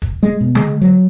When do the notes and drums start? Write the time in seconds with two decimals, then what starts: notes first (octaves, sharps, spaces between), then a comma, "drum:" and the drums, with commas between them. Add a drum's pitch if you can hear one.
0.02 drum: kick
0.23 G#3
0.41 B2
0.55 G#3, drum: tom D3
0.82 F#3